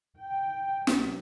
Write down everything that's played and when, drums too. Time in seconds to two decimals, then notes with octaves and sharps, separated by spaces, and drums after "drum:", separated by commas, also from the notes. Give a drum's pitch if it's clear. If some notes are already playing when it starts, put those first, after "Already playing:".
0.18 G5
0.87 B1, drum: snare